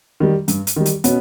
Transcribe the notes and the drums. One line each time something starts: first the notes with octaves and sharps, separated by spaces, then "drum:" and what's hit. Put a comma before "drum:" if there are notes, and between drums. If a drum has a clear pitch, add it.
D#3 G3
G2, drum: hi-hat
drum: hi-hat
D#3 G3
drum: hi-hat
B2 B3 C#4, drum: hi-hat